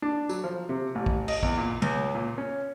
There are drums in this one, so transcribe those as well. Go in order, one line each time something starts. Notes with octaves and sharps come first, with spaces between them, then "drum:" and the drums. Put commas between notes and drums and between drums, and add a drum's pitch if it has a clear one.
D4
F#3, drum: tambourine
F3
C3
A1
drum: kick
D#5, drum: cymbal
E2, drum: kick
A#2
C#2, drum: cymbal
A#2
C#4